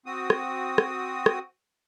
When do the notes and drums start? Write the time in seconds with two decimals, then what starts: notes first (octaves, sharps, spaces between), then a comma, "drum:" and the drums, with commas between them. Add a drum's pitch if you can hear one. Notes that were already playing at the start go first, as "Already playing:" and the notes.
0.06 C4 F#4 D#6
0.30 drum: rim click
0.78 drum: rim click
1.26 drum: rim click